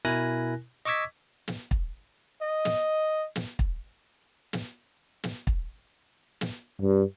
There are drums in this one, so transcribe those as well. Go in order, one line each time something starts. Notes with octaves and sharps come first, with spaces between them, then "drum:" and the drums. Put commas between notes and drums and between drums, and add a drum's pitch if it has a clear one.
B2 E4 A#4 G#5 F#6 A#6
D#5 C#6 D6 E6 G#6 B6
drum: snare
drum: kick
D#5
drum: snare
drum: snare
drum: kick
drum: snare
drum: snare
drum: kick
drum: snare
G2